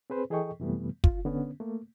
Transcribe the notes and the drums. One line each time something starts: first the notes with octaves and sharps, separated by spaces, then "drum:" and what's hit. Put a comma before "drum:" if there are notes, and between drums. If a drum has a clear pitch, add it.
C4 G#4 B4 C5
E3 G#4 A4 D#5 G5 C#6
F#2 C3 E3 G3 A3 B3
F4, drum: kick
D3 B3 C#4
A3 A#3